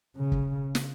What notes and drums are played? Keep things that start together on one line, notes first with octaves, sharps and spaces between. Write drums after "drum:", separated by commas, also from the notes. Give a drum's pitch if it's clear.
C#3
drum: kick
drum: snare